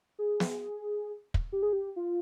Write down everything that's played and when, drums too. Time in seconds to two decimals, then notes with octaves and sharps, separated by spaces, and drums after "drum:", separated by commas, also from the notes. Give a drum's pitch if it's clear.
0.19 G#4
0.40 drum: snare
1.34 drum: kick
1.52 G4
1.63 G#4
1.73 G4
1.96 F4